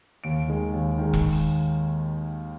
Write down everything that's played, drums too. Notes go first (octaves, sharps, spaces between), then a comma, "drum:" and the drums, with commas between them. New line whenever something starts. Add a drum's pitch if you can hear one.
D#2 D7
D#3 G#3
D#2
D#3 G#3
drum: kick E1
drum: open hi-hat